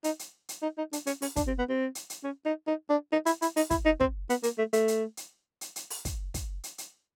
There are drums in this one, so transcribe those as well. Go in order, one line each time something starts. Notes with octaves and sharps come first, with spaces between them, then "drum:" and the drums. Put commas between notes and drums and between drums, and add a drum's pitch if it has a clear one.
D#4, drum: hi-hat
drum: hi-hat
drum: hi-hat
D#4
D#4
D4, drum: hi-hat
C#4, drum: hi-hat
C#4, drum: open hi-hat
D4, drum: kick, hi-hat
C4
B3
C4
drum: hi-hat
drum: hi-hat
C#4
D#4
D#4
D4
D#4
E4, drum: hi-hat
E4, drum: hi-hat
D#4, drum: open hi-hat
E4, drum: kick, hi-hat
D#4
C4, drum: kick
B3, drum: hi-hat
A#3, drum: hi-hat
A3
A3, drum: hi-hat
drum: hi-hat
drum: hi-hat
drum: hi-hat
drum: hi-hat
drum: open hi-hat
drum: kick, hi-hat
drum: kick, hi-hat
drum: hi-hat
drum: hi-hat